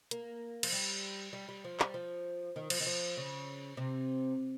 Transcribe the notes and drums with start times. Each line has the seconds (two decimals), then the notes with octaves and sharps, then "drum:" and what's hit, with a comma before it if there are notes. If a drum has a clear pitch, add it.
0.11 A#3, drum: hi-hat
0.63 F3, drum: cymbal
0.73 G3
1.33 G3
1.49 G3
1.64 F3
1.80 G3, drum: clap
1.94 F3
2.56 D#3
2.70 F3, drum: cymbal
2.80 D#3
2.86 F3
3.17 C#3
3.77 C3